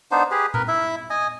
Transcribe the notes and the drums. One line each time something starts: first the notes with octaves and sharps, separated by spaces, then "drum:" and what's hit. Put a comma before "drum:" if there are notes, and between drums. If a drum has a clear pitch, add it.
B3 D4 D#4 C5
G4 G#4 B4
A#4 B4, drum: tom A#2
E4 E5
D#5 G#5